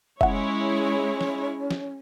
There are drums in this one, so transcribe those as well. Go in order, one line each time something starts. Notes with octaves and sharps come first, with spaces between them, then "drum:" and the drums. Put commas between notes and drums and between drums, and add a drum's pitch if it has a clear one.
G#3 C#4 E4 C#5 E5 F#5, drum: kick
drum: snare
drum: snare